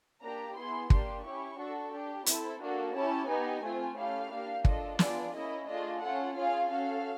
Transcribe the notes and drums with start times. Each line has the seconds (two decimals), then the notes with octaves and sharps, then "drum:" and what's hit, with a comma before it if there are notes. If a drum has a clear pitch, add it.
0.22 A#3 D4 G4 A#5
0.56 B3 E4 G#4 C6
0.90 A#3 D4 G4 C6, drum: kick
1.24 C#4 E4 G4 C#6
1.58 D4 F#4 A4
1.93 D4 G4
2.26 C4 E4 A4, drum: hi-hat
2.60 A#3 D4 F#4 A4
2.95 C#4 E4 G4 A5
3.28 B3 D#4 G4 G#5
3.62 A3 C4 F4
3.96 A3 C#4 E4 G4 F5
4.31 A#3 D4 G4
4.65 D4 F4 A4 D#5, drum: kick
4.99 B3 D4 F4 G#4 D5, drum: snare
5.33 A#3 C#4 E4 D#5
5.67 A3 D4 F4 G#4 D#5
6.01 C#4 F4 A4 F#5
6.36 C#4 F4 G#4 F5
6.69 C#4 F#4 A4 F5